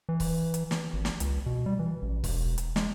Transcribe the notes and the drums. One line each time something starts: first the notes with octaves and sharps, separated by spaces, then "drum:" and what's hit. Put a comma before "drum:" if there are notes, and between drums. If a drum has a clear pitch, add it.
E3
drum: kick C#1, open hi-hat
drum: hi-hat
drum: snare
G#1
drum: snare
C#2, drum: hi-hat
B2
G3
E3
A1
E1, drum: kick C#1, open hi-hat
drum: hi-hat
G#3, drum: snare